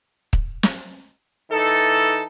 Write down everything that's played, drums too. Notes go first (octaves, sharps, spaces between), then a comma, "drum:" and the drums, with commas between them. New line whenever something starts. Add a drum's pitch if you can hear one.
drum: kick
drum: snare
E3 D#4 A4